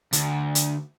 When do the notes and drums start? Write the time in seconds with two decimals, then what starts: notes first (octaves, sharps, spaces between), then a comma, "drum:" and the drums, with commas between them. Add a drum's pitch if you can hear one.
0.13 D2, drum: hi-hat
0.55 drum: hi-hat